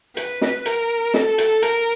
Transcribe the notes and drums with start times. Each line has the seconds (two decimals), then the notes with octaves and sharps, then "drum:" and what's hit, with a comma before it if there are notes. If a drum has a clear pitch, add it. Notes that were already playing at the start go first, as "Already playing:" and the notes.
0.17 B4, drum: hi-hat
0.41 drum: snare
0.65 A#4, drum: hi-hat
1.14 A4, drum: snare
1.38 drum: hi-hat
1.62 A#4, drum: hi-hat